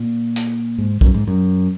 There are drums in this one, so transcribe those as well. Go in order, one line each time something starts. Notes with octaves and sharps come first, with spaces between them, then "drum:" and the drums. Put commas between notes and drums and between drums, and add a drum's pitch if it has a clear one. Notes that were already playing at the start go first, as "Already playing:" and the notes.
Already playing: A#2
drum: hi-hat
G#2
F#2, drum: kick
G#2
F#2